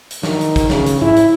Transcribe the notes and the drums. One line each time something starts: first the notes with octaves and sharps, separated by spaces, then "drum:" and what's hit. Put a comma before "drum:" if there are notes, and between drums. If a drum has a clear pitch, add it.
drum: hi-hat
D#3, drum: snare
drum: hi-hat
drum: kick, hi-hat
C#3, drum: snare
drum: hi-hat
E4, drum: tom G#2
drum: hi-hat